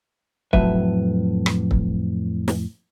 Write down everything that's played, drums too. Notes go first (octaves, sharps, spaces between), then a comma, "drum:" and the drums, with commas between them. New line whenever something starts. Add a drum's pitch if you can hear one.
F2 A2 F#3 B4 E5, drum: kick
drum: rim click
drum: kick
drum: snare